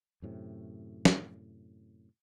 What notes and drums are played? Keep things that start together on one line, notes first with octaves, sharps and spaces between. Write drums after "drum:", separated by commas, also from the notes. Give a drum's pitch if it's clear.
F#2 A2 C3
drum: snare